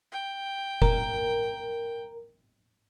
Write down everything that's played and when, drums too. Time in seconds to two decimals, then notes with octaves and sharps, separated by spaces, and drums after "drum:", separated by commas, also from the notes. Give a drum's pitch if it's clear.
0.12 G5
0.82 A#4, drum: kick F1